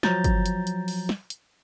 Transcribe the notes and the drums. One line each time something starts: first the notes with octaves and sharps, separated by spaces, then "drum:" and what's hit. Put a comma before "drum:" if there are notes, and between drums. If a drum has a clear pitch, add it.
F3 F#3 A#5 G6 A6, drum: snare
drum: kick, hi-hat
drum: hi-hat
drum: hi-hat
drum: open hi-hat
drum: snare
drum: hi-hat